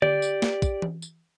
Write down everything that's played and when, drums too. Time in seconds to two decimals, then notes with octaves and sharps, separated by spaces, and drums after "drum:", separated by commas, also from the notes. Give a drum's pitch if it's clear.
0.02 G4 D5, drum: tom D3
0.22 drum: tambourine
0.42 drum: snare
0.62 drum: kick, tambourine
0.82 drum: tom E3
1.02 drum: tambourine